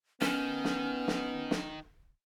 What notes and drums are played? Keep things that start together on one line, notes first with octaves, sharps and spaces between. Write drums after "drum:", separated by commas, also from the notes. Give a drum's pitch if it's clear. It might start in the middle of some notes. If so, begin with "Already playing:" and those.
D#3 B3 C#4, drum: snare
drum: snare
drum: snare
drum: snare